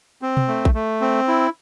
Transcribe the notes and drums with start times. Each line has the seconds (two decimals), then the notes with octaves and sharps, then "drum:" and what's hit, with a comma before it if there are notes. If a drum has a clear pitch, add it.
0.22 C4
0.37 drum: tom B2
0.48 A3
0.65 drum: kick A#1
0.74 A3
1.01 C4
1.28 E4